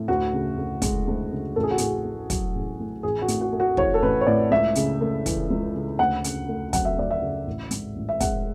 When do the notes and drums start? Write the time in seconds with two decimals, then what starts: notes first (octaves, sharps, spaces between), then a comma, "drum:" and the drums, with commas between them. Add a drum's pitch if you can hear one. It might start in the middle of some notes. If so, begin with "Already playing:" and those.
Already playing: A2
0.08 D2 F#4
0.33 C#3
0.58 D2
0.82 G#3, drum: kick, hi-hat
1.07 D2
1.31 C#3
1.56 A1 A4
1.63 G#4
1.71 F#4
1.78 A2 G#4, drum: hi-hat
2.05 A3
2.30 F#3, drum: kick, hi-hat
2.55 A1
2.80 A2
3.03 A1 G#4
3.22 F#4
3.28 A2, drum: hi-hat
3.41 F#4
3.53 A3
3.60 F#4
3.77 E3 C#5, drum: kick
3.94 A4
4.02 A1 B4
4.21 C#5
4.27 A2 D5
4.51 C#2 E5
4.75 C#3, drum: hi-hat
5.01 A3
5.26 E3, drum: kick, hi-hat
5.50 C#2
5.75 C#3
5.99 D2 F#5
6.24 C#3, drum: hi-hat
6.48 A3
6.73 F#3 F#5, drum: kick, hi-hat
6.85 E5
6.98 D2 D5
7.10 E5
7.22 C#3
7.47 A1
7.71 G#2, drum: hi-hat
7.96 A1
8.09 E5
8.20 G#3 F#5, drum: kick, hi-hat